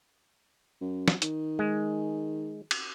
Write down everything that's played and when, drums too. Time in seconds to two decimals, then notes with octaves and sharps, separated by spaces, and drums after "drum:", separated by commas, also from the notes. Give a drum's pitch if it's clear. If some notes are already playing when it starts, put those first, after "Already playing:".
0.81 F#2
1.08 drum: snare
1.22 D#3, drum: hi-hat
1.59 G#3
2.71 drum: cymbal